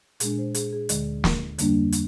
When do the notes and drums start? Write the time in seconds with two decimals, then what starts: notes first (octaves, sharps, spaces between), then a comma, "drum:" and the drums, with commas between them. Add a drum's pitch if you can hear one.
0.20 A#2 G#3 D4 G#4, drum: hi-hat
0.39 C5
0.54 G#4, drum: hi-hat
0.73 G#4
0.89 D2 D3 G#3 D#5, drum: hi-hat
1.24 drum: snare
1.58 F2 D3 G3 A#3 D4, drum: hi-hat
1.92 drum: hi-hat